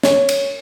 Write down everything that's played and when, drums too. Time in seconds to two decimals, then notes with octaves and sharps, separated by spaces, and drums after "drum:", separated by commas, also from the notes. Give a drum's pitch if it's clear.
0.03 C#5, drum: snare
0.29 drum: cymbal